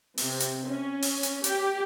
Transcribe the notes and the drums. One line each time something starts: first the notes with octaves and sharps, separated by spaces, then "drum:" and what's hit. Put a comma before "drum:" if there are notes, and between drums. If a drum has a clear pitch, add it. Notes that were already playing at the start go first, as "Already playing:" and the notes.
C3, drum: open hi-hat
drum: hi-hat
C#4
drum: open hi-hat
drum: hi-hat
G4, drum: hi-hat